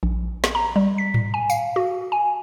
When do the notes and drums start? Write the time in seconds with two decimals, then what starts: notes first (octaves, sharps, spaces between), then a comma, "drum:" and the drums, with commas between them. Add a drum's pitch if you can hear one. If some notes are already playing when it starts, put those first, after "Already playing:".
0.03 A#1
0.44 drum: snare
0.55 A#5
0.76 G3
0.98 B6
1.14 drum: tom G#2
1.34 G#5
1.50 F5, drum: tambourine
1.76 F#4
2.12 G#5